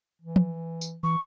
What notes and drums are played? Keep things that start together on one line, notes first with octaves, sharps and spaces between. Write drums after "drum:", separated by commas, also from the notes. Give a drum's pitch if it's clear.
E3
drum: tom
drum: tambourine
E3 C#6